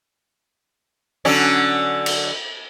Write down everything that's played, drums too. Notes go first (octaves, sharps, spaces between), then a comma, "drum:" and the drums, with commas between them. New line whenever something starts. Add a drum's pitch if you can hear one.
D3 F#3 C#4
drum: cymbal